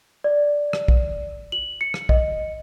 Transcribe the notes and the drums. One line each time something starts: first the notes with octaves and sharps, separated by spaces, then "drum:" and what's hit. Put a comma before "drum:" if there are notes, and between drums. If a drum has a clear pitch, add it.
D5
drum: rim click
drum: kick
F#7
C#7
drum: rim click
D#5, drum: kick